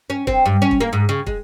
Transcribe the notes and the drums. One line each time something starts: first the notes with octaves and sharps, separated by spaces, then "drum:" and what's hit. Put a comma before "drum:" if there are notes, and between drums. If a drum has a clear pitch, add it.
C#4
C4, drum: kick
G2
C#4
drum: kick
A#3
G#2
C#3
G#3, drum: kick